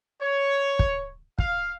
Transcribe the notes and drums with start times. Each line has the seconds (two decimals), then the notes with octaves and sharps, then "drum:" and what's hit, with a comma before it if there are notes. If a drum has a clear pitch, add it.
0.21 C#5
0.79 drum: kick
1.39 F5, drum: kick